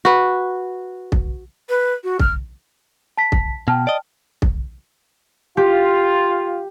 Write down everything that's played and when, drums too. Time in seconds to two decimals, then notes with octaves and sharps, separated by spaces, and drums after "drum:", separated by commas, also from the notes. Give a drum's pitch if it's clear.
0.05 F#4 B4
1.12 drum: kick
1.69 B4
2.04 F#4
2.19 F6, drum: kick
3.17 A5 B6
3.32 drum: kick
3.68 B2 G5 A5 F6
3.87 D5 D#5
4.42 drum: kick
5.57 F4 G4